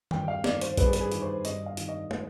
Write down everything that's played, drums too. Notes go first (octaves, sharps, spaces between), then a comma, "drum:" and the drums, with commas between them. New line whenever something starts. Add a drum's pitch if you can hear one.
G2 G5, drum: tom D#3
F5
D#3 D5, drum: snare
C5, drum: hi-hat
G2 B4, drum: kick A#1, hi-hat
G#4
B4, drum: hi-hat
G#4
D#3, drum: hi-hat
C5
G2 D#5, drum: hi-hat
F5
D#3, drum: hi-hat
D#5
drum: tom